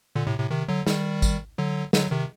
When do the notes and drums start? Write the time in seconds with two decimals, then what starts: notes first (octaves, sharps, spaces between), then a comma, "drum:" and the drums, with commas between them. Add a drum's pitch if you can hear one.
0.16 A#2 D3
0.27 A2 C3
0.39 A2 C3
0.51 C3 D#3
0.68 D3 F#3
0.87 D#3 G3, drum: snare
1.22 drum: kick G#1, tambourine
1.58 D3 F#3
1.93 D3 F#3, drum: snare
2.11 C3 D#3